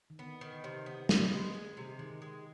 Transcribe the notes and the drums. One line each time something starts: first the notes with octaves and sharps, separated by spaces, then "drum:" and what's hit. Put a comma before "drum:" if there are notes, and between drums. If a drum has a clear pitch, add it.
D#3
D3 B3
D#3
C3
B3
B3, drum: snare
G#3
G#3
C3
D#3 G#3
G#3